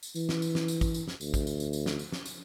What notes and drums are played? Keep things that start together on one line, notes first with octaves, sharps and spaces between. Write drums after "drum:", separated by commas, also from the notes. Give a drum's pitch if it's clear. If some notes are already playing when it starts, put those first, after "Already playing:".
drum: tambourine
E3, drum: tambourine
drum: snare
drum: tambourine
drum: snare
drum: tambourine
drum: kick, tambourine
drum: tambourine
drum: snare
D2, drum: tambourine
drum: kick, tambourine
drum: tambourine
drum: tambourine
drum: tambourine
drum: snare
drum: tambourine
drum: snare
drum: tambourine